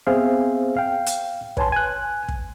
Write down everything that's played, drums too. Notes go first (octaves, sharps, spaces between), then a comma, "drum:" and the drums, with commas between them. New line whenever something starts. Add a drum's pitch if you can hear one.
B3 C4 G#4 C5 E5 F5
F5 G5
drum: hi-hat
B4 C#5 G#5 A5 C6, drum: kick
G#5 F#6
drum: kick